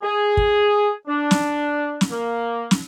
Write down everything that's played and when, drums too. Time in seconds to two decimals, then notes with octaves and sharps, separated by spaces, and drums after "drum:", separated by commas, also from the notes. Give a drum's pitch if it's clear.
0.03 G#4
0.37 drum: kick
1.07 D4
1.31 drum: snare
2.01 drum: snare
2.11 A#3
2.71 drum: snare